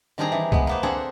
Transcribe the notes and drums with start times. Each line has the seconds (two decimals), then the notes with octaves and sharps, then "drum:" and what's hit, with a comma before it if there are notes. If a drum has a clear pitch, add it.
0.18 D#3 G3 C4 D4 G#4 A#5
0.32 E3
0.52 G#3 B3, drum: kick C2
0.67 A#3 B3 C5
0.83 D3 C4 G#4 A4 F#5